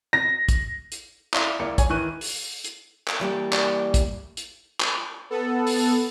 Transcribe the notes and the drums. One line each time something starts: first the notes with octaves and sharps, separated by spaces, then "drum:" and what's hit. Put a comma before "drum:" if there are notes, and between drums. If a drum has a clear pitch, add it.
A#6
drum: kick, hi-hat
drum: hi-hat
E4 D5 F5 C6 C#6, drum: clap
C#2 A#3 E4 D5 C#7
C#5 G#5, drum: kick, hi-hat
D#3 E3 C#6 F#6 D#7
drum: open hi-hat
drum: hi-hat
drum: clap
E3 G3 A#3
D5, drum: clap
drum: kick, hi-hat
drum: hi-hat
drum: clap
B3 A4
drum: open hi-hat